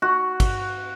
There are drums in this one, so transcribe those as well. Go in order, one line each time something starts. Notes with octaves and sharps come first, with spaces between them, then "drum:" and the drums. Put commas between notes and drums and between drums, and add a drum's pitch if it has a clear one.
F#4
drum: kick, cymbal